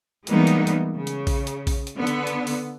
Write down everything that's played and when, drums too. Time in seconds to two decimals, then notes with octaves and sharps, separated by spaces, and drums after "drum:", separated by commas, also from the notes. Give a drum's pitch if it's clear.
0.27 E3 G3 G#3 A#3 B3 D#4, drum: hi-hat
0.47 drum: hi-hat
0.67 drum: hi-hat
0.95 C#3
1.07 drum: hi-hat
1.27 drum: kick A#1, open hi-hat
1.47 drum: hi-hat
1.67 drum: kick A#1, open hi-hat
1.87 drum: hi-hat
1.97 D3 B3
2.07 drum: hi-hat
2.27 drum: hi-hat
2.47 drum: open hi-hat